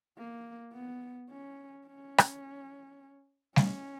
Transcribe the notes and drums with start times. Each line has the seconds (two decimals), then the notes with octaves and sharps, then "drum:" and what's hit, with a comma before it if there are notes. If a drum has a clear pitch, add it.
0.18 A#3
0.73 B3
1.30 C#4
1.87 C#4
2.18 drum: rim click
3.56 C#4, drum: snare